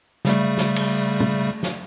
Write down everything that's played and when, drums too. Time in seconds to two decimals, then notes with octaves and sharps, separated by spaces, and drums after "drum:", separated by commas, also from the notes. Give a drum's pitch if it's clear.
0.25 C#3 G3 A3, drum: snare
0.58 drum: snare
0.76 drum: cymbal
1.20 drum: tom
1.63 drum: snare